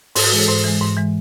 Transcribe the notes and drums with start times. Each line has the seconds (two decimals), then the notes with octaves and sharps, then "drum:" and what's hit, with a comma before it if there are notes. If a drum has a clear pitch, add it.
0.15 G#2 A4, drum: open hi-hat
0.24 F#4
0.32 E3 G#3 G#4
0.40 A4
0.48 G#2 C5
0.64 E3 G#3
0.81 G#2
0.97 E3 G#3